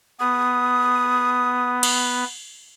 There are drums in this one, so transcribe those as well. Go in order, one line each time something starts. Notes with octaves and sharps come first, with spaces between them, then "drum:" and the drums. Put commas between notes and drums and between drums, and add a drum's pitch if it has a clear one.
B3 D#6
drum: cymbal